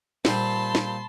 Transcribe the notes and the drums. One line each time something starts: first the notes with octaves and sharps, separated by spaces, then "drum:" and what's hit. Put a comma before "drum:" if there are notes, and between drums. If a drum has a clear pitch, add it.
A#2 G3 C4 A5 B5 C6, drum: snare
drum: snare